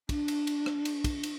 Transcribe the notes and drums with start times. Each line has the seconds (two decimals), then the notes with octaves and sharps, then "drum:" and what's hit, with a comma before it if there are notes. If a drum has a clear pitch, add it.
0.09 D4, drum: kick, cymbal
0.28 drum: cymbal
0.47 drum: cymbal
0.66 drum: rim click
0.85 drum: cymbal
1.04 drum: kick, cymbal
1.23 drum: cymbal